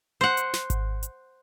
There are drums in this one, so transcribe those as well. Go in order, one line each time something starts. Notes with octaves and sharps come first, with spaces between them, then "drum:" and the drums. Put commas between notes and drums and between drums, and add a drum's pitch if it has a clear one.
C5 F#5
drum: hi-hat
drum: snare
drum: kick G#1, hi-hat
drum: hi-hat